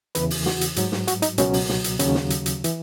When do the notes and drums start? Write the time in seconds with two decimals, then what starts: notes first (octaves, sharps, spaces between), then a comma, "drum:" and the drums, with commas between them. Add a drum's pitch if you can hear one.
0.15 E2 C#3 E3 B4, drum: hi-hat
0.30 drum: open hi-hat
0.46 F#4, drum: snare
0.61 drum: hi-hat
0.76 G#2 F#3, drum: hi-hat
0.92 drum: snare
1.08 F#4, drum: hi-hat
1.22 D#4, drum: hi-hat
1.38 C#2 B2 F#3 C#4, drum: hi-hat
1.53 drum: open hi-hat
1.69 drum: snare
1.84 drum: hi-hat
1.99 D#2 C#3 F#3 C#4, drum: hi-hat
2.15 drum: snare
2.30 drum: hi-hat
2.46 drum: hi-hat
2.64 E3, drum: hi-hat